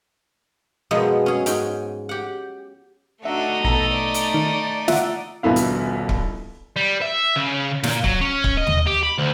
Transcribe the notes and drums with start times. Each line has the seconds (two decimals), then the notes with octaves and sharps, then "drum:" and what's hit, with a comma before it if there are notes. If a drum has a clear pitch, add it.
0.91 F#2 B2 F3 G#3 B3
1.26 C#4 G#4
1.46 G#2 C#4 G5, drum: hi-hat
2.09 G4 F#5
3.25 A3 D4 D#4 F#4 E5
3.64 A#1 B2 A4 A#5
3.94 D5
4.14 drum: hi-hat
4.34 D#3
4.88 F4 E5 F#5, drum: snare
5.43 D#1 A#1 B2 B3 E4 F5
5.56 drum: hi-hat
6.09 drum: kick C#1
6.76 G3
7.02 E5
7.36 C#3
7.83 A#2, drum: snare
8.04 F#3, drum: kick C#1
8.21 C#4
8.44 drum: kick C#1
8.57 D#5
8.67 drum: tom D#2
8.87 G4
9.03 B5
9.18 D2